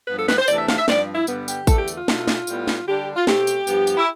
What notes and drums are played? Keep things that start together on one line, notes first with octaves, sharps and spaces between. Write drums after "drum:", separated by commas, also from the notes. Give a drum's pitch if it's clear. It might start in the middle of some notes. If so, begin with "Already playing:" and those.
G2 F3 B3 B4
A4
B4, drum: snare
C5
E2 C3 E3 A3 D4 D5, drum: tambourine
E5
F5, drum: snare
E5
G2 F3 C4 D5, drum: snare
E4
G2 D3 G3 B3, drum: tambourine
G4, drum: tambourine
E2 D3 A3 A4, drum: kick A1, tambourine
G4
drum: tambourine
F4
B2 A3 D4, drum: snare
drum: snare
A2 G3 B3, drum: tambourine
drum: snare
D3 G3 D4 G4
F4
B2 A3 C4 G4, drum: snare
drum: tambourine
G2 F3 B3, drum: tambourine
drum: tambourine
E4